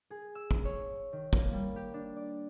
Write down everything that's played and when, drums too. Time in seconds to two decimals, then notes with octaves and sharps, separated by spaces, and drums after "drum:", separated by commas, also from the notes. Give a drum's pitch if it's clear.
0.10 G#4
0.35 E6
0.51 drum: kick
0.65 C#5
1.13 D#3
1.33 A#3, drum: kick
1.53 G3
1.76 G4
1.94 D4
2.16 D5